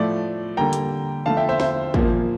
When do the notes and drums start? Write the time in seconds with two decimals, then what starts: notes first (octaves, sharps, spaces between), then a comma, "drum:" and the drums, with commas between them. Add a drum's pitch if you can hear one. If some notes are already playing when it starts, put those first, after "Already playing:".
Already playing: A2 F3 A3 D5
0.57 D3 G3 A#3 G5 A#5
0.73 drum: hi-hat
1.26 D3 F3 A3 F5 A5
1.37 E5 G5
1.49 C5 E5
1.60 C5 E5, drum: snare
1.94 A#2 F3 A#3, drum: kick